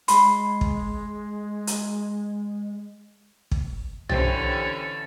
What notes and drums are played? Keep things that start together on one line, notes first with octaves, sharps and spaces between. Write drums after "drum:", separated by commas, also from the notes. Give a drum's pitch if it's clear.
G#3 B5 C6, drum: hi-hat
drum: kick
drum: hi-hat
drum: kick
D3 E3 C#4 G4 C5 A6, drum: tom